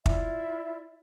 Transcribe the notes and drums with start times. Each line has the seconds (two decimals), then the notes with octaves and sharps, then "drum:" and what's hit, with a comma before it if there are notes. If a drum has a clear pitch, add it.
0.06 E4 F4 D5 E5, drum: kick